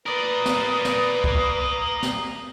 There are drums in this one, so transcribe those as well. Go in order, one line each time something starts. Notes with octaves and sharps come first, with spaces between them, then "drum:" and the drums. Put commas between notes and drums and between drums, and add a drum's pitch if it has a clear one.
A#4 B4 D5 D#6
drum: snare
drum: snare
drum: kick B1
drum: snare